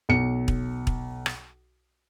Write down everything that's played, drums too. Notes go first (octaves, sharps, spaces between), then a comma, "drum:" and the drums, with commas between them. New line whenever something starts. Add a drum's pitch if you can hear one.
B1 C#7
drum: kick
drum: kick
drum: rim click